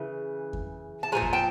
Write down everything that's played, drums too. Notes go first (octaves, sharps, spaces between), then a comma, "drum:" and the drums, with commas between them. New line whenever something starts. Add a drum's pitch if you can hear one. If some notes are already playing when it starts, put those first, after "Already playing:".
Already playing: C#3 E3
drum: kick F2
A5
A#2 F3 G#3 G#5 A#5
drum: kick F2
G5 A5